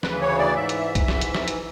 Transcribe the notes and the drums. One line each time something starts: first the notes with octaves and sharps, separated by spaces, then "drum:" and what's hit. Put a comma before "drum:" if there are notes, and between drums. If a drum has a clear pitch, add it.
D2 C#3 E3 B4, drum: snare
C#5
D5
G#2 E3 E5
drum: hi-hat
drum: kick B1, hi-hat
G#2 E3, drum: snare
drum: hi-hat
drum: snare
drum: hi-hat